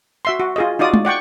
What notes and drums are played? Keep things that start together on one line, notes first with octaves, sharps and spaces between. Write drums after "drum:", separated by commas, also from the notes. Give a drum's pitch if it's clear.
F#4 E5 C6
F#4
F4 G#4 D#5
D#4 F4 F#4 D5 D#6
drum: tom
D5 F#5 G5 C#6